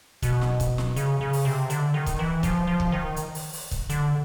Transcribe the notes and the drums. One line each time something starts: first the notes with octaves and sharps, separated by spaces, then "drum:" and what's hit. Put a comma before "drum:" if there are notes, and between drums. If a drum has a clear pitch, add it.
B2, drum: kick, hi-hat
drum: snare
drum: kick, hi-hat
drum: snare
C#3, drum: hi-hat
C#3
drum: open hi-hat
C3
D3, drum: hi-hat
D#3
drum: kick, hi-hat
E3
F3, drum: kick, hi-hat
F3
drum: kick
D#3
drum: hi-hat
drum: open hi-hat
drum: open hi-hat
drum: kick, hi-hat
D3, drum: hi-hat